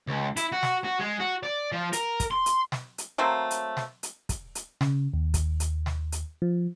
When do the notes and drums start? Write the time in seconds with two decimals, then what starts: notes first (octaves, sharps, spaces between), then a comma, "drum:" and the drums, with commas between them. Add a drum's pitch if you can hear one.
0.07 C#2
0.37 E4, drum: hi-hat
0.52 F#4
0.63 drum: snare
0.84 F#4
0.99 G#3
1.20 F#4
1.43 D5
1.72 F3
1.93 A#4, drum: hi-hat
2.20 drum: kick, hi-hat
2.31 C6
2.46 drum: hi-hat
2.72 drum: snare
2.98 drum: hi-hat
3.18 F#3 A3 A#3 C4
3.51 drum: hi-hat
3.77 drum: snare
4.03 drum: hi-hat
4.29 drum: kick, hi-hat
4.55 drum: hi-hat
4.81 C#3, drum: snare
5.14 D#2
5.34 drum: kick, hi-hat
5.60 drum: hi-hat
5.86 drum: snare
6.12 drum: hi-hat
6.42 F3